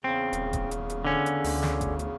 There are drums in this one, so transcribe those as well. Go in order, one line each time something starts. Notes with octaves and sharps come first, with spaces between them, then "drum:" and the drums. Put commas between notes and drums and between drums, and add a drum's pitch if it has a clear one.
E2 C#3 C4
D#1, drum: hi-hat
drum: kick, hi-hat
drum: hi-hat
drum: hi-hat
D3 C#4
drum: hi-hat
D2, drum: open hi-hat
drum: snare
drum: kick, hi-hat
drum: hi-hat